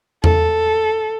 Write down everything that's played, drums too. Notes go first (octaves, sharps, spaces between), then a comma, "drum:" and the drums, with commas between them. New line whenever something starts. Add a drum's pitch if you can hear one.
A4, drum: tom E2